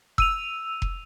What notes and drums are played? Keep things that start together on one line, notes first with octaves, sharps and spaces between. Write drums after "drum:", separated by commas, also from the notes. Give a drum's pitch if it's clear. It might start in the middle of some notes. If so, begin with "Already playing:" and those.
E6 D#7 F7, drum: kick F1
drum: kick F1